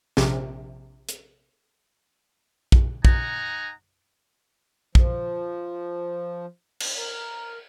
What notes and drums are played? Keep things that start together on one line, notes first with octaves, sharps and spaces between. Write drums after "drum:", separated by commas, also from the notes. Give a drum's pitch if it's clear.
A#1 C3, drum: snare
drum: hi-hat
drum: kick A#1
D#4 F#5 G#5 A#5, drum: kick A#1
F3, drum: kick A#1
drum: cymbal
A#4